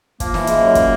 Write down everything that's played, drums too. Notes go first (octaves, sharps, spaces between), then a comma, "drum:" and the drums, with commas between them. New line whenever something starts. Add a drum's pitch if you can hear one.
F3 A#3, drum: kick, hi-hat
E3, drum: snare
G#2 G#3, drum: hi-hat
F#2 F#3
drum: kick, hi-hat